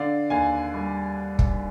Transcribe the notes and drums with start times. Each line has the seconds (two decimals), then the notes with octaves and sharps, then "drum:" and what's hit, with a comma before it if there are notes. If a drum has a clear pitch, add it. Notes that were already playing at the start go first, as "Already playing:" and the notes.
Already playing: D3 D5 F5
0.30 D#2 F5 G#5
0.74 G3
1.39 drum: kick